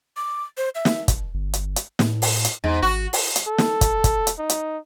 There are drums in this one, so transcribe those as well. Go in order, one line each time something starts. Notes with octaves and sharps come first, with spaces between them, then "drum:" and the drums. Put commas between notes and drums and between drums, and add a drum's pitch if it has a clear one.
D6
C5
E5
drum: snare
drum: kick, hi-hat
G1
drum: hi-hat
drum: hi-hat
A2, drum: snare
drum: open hi-hat
drum: hi-hat
E2 G#2
G#1 F#4
drum: open hi-hat
drum: hi-hat
A4
drum: snare
drum: kick, hi-hat
drum: kick, hi-hat
drum: hi-hat
D#4
drum: hi-hat